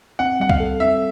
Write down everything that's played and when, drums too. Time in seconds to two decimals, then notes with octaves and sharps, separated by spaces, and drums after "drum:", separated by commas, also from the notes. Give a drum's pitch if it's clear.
0.19 C4 F#5
0.40 G3 F#5
0.49 F5, drum: kick C2
0.60 A4
0.80 C4 E5